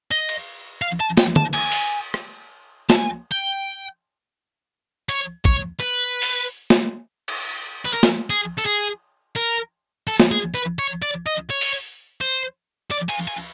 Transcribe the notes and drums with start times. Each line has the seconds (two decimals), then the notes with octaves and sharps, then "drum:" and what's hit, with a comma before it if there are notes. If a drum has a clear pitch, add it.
0.11 D#5
0.29 drum: cymbal
0.82 F5
1.00 A5
1.17 G5, drum: snare
1.36 A5, drum: tom
1.54 G#5, drum: cymbal
1.72 drum: open hi-hat
2.14 drum: rim click
2.90 A5, drum: snare
2.95 G#5
3.32 G5
5.09 C#5, drum: hi-hat
5.45 C#5, drum: kick
5.80 B4
6.22 drum: open hi-hat
6.70 drum: snare
7.28 drum: cymbal
7.85 B4
7.94 A#4
8.03 drum: snare
8.30 G#4
8.58 A4
8.65 G#4
9.36 A#4
10.07 A4
10.20 drum: snare
10.31 G#4
10.54 B4
10.79 C#5
11.02 D5
11.26 D#5
11.50 C#5
11.61 drum: open hi-hat
12.21 C5
12.91 D5
13.09 G#5, drum: cymbal
13.28 G#5